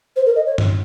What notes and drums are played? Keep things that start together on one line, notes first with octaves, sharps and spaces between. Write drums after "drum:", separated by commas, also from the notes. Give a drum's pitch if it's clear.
C5
A#4
D#5
C#5
drum: tom G2